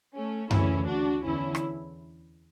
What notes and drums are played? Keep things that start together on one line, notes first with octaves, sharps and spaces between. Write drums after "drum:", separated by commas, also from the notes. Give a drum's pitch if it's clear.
A3 C#4
D2 C#3 E3 C#4 E4, drum: tom F#2
D4 F#4
E2 D3 C#4 E4
drum: rim click